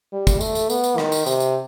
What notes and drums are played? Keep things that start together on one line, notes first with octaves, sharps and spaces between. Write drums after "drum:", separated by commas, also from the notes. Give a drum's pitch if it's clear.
G3
drum: kick, tambourine
A3, drum: tambourine
drum: tambourine
B3, drum: tambourine
drum: tambourine
D#3, drum: rim click
drum: tambourine
C3, drum: tambourine
drum: tambourine